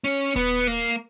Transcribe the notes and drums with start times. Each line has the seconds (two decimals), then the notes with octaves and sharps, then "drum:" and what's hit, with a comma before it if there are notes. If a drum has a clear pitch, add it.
0.04 C#4
0.36 B3, drum: kick D#1
0.67 A#3